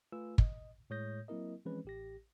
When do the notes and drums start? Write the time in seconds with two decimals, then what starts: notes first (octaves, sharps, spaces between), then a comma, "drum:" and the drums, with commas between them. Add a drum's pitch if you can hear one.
0.12 A3 F4 B4 G#5 E6
0.38 D#5, drum: kick
0.90 A2 G#3 C#5 D#6 G6 A#6
1.28 F#3 A#3 C4 E4 A#4 D#5
1.65 E3 F3 G#3 C4 C#4 B4
1.85 A1 G4 A#6